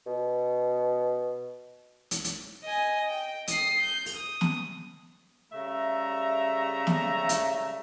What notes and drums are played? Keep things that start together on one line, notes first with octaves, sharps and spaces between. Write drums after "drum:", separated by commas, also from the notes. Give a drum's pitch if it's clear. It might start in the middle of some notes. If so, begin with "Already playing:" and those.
B2
drum: hi-hat
drum: hi-hat
D#5 G#5
G5
D#6 C7, drum: hi-hat
G6
drum: open hi-hat
D#6
drum: snare
C#3 G3 A3 E5 A#5
drum: snare
drum: hi-hat